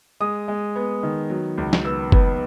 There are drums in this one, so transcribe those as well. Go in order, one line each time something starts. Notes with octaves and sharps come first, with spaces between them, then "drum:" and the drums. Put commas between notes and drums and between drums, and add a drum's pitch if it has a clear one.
G#3 D#6
G#3
B3
D#3
F#3
C#2
drum: snare
B3 E6
B3, drum: kick F#1